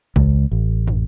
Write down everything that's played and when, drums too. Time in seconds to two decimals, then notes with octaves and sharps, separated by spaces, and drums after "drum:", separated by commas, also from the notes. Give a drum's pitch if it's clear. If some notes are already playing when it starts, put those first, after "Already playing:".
0.16 C#2, drum: kick A1
0.52 A1
0.88 drum: tom